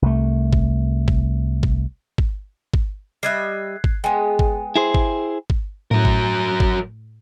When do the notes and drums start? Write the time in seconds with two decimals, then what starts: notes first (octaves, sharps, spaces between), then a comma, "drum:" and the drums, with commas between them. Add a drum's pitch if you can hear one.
0.02 C2 A3
0.53 drum: kick
1.08 drum: kick
1.63 drum: kick
2.18 drum: kick
2.74 drum: kick
3.23 G3 D#5 E5 F#6 G#6 C7
3.84 drum: kick
4.04 G#3 B3 G5 G#5
4.39 drum: kick
4.76 E4 G#4 C5
4.94 drum: kick
5.50 drum: kick
5.91 A2 F#3 A#4
6.05 drum: kick
6.60 drum: kick